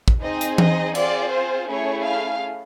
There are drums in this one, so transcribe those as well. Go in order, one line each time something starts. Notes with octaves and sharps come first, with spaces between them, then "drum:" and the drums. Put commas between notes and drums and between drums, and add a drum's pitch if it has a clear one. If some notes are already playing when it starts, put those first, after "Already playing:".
drum: kick
C4 D#4 G#4 D#5
drum: hi-hat
D#5, drum: tom E3
C4 F4 G#4 D5, drum: cymbal
C5
A3 C#4 E4 G#4 C#5
F5